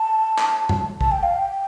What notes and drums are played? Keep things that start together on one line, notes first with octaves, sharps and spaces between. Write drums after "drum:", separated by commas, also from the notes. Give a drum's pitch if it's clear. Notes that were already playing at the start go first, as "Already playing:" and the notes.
Already playing: A5
drum: clap
drum: tom F2
A5, drum: kick
G5
F5
G5